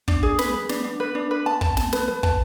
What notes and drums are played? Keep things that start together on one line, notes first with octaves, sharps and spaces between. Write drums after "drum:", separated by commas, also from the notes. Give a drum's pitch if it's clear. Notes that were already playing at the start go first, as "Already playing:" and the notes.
D4, drum: kick
G#4
B4, drum: snare
B4
D4, drum: snare
D4
B4
D4
B4
A5
A5, drum: kick
A5, drum: snare
B4, drum: snare
B4
A5, drum: kick